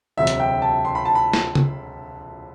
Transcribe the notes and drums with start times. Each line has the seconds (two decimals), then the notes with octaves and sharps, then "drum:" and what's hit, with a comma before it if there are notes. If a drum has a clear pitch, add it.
0.17 E1 D2 C3 F#3 E5
0.27 drum: hi-hat
0.40 G5
0.62 A5
0.85 C6
0.95 B5
1.05 A5
1.15 B5
1.33 drum: snare
1.55 drum: tom